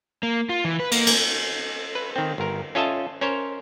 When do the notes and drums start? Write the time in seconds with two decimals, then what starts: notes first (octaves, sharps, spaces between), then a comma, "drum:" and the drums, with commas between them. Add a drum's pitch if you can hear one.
0.23 A#3
0.49 F4
0.65 E3
0.80 B4
0.91 A#3, drum: cymbal
1.07 drum: cymbal
1.95 B4
2.16 D#3 C4
2.38 G1 A#4
2.75 C#4 F4 A4 D#5 E5 A5
3.21 C#4 A#4 C5 C#5